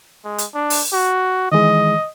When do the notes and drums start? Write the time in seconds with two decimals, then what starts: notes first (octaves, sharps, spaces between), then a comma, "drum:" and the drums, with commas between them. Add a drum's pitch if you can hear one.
0.25 G#3
0.38 drum: hi-hat
0.55 D4
0.70 drum: open hi-hat
0.93 F#4
1.52 D#3 E3 G#3 D#5